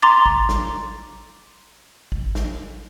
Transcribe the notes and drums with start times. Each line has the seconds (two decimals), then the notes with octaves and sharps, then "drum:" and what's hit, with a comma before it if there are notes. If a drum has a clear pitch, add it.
0.02 A#5 C6 D6 A6
0.26 drum: kick A1
0.49 drum: snare
2.12 drum: kick A1
2.35 drum: snare